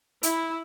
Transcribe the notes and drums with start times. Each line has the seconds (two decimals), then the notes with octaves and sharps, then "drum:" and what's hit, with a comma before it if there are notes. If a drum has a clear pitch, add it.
0.23 E4, drum: hi-hat